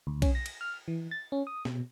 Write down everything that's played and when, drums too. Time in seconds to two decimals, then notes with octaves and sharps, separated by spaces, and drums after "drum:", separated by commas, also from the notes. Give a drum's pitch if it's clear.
0.07 D2
0.22 C#4, drum: kick B1, cymbal
0.35 A#6
0.46 drum: cymbal
0.61 F6
0.88 E3
1.11 A6
1.32 C#4
1.47 D#6
1.65 B2, drum: snare